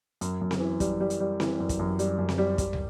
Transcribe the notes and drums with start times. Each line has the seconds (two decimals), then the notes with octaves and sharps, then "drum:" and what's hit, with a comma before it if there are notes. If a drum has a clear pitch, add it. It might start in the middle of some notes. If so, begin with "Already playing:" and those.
0.21 F#2, drum: hi-hat
0.41 F#2
0.51 drum: snare C4
0.60 E3
0.80 G3, drum: kick, hi-hat
1.00 G3
1.10 drum: hi-hat
1.20 G3
1.40 E3, drum: snare C4
1.60 F#2
1.69 drum: kick, hi-hat
1.79 F#2
1.99 G3, drum: hi-hat
2.19 F#2
2.29 drum: snare C4
2.38 G3
2.58 G3, drum: kick, hi-hat
2.73 drum: tom